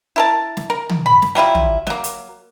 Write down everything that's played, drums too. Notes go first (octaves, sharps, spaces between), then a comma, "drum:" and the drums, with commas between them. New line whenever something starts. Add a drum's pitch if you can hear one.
E4 A#4 A5
drum: snare
A#4
drum: tom
B5
drum: snare
F#3 G3 E4 F4
drum: tom
F#3 A#3, drum: snare
drum: hi-hat